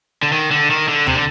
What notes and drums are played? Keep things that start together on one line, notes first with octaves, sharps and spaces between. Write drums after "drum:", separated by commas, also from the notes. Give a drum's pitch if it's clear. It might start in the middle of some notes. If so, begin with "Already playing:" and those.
D3
D#3
D3
D#3
D3
C3, drum: tom D#2
D3